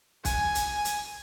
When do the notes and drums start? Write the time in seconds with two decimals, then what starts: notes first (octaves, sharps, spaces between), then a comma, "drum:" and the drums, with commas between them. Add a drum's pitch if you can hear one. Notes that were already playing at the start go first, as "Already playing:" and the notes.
0.25 G#5, drum: kick, hi-hat
0.55 drum: hi-hat
0.85 drum: hi-hat